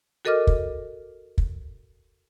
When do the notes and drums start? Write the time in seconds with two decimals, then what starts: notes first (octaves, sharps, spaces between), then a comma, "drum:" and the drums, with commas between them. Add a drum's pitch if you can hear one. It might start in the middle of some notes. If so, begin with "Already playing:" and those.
0.25 F#4 A4 A#4 D#5 D6 F6
0.47 drum: kick
1.38 drum: kick